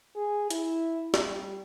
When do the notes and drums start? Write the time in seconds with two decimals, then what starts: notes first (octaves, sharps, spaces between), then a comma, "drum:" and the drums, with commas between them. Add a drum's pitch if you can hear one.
0.16 G#4
0.50 E4, drum: hi-hat
1.14 drum: snare
1.25 G3